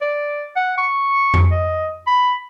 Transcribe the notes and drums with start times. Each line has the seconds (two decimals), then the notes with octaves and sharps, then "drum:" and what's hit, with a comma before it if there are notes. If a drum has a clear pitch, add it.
0.01 D5
0.56 F#5
0.78 C#6
1.34 drum: tom F2
1.51 D#5
2.07 B5